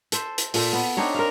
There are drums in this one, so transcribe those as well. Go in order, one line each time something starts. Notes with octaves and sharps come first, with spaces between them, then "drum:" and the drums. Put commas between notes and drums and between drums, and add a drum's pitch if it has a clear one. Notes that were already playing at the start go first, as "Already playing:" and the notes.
A4 C5, drum: hi-hat
drum: hi-hat
A#2 A4 C5, drum: open hi-hat
B3
C4 D4 D#4 C#5
A#4 C5 F5